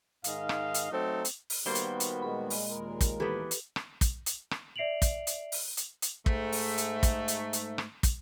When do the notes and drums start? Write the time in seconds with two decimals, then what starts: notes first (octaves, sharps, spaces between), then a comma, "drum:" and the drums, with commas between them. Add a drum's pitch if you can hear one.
0.24 G#2 D#3 D#5 F5, drum: hi-hat
0.49 drum: rim click
0.74 drum: hi-hat
0.91 F#3 A3 C4 D#4 A4
1.25 drum: hi-hat
1.50 drum: open hi-hat
1.66 D#3 G3 A#3 B3 F#4 C5 G7
1.75 drum: hi-hat
2.00 drum: hi-hat
2.22 A#2 G#3 B5
2.50 drum: open hi-hat
2.70 D#2 A#4
3.01 drum: kick, hi-hat
3.20 E3 B3 G4 A4 B4
3.51 drum: hi-hat
3.76 drum: rim click
4.01 drum: kick, hi-hat
4.26 drum: hi-hat
4.51 drum: rim click
4.76 D5 E5 C7 D7 F7 F#7
5.02 drum: kick, hi-hat
5.27 drum: hi-hat
5.52 drum: open hi-hat
5.77 drum: hi-hat
6.02 drum: hi-hat
6.26 G#2 A3, drum: kick
6.52 drum: open hi-hat
6.78 drum: hi-hat
7.03 drum: kick, hi-hat
7.28 drum: hi-hat
7.53 drum: hi-hat
7.78 drum: rim click
8.03 drum: kick, hi-hat